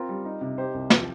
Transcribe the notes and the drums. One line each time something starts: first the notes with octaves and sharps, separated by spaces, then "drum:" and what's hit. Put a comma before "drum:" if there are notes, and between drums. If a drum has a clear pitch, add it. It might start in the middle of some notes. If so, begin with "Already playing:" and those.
Already playing: C4 F4 A#4
G3
D#4
C3
D#4 G4 C5
C2
F3, drum: snare